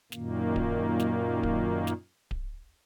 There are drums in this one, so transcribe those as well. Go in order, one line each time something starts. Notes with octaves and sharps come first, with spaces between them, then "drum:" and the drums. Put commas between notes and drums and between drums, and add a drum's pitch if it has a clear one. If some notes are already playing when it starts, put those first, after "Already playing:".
F#2 A#2 D#3 A#3, drum: snare
drum: kick D1
drum: snare
drum: kick D1
drum: snare
drum: kick D1